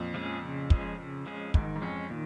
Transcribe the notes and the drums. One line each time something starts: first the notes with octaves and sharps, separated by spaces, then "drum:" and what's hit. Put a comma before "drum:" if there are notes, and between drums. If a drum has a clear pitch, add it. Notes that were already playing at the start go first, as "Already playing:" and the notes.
Already playing: F2 A#2
F3 G#3 C#4 G#4
C#3
F3 G#3 C#4 G#4, drum: kick
C#3
F3 G#3 C#4 G#4
G#2 D#3, drum: kick
G#2
F2 G#3 C#4
A#2 D#3